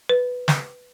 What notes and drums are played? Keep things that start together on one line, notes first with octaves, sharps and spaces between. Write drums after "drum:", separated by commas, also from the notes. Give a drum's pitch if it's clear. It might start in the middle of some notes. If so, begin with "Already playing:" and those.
B4
drum: snare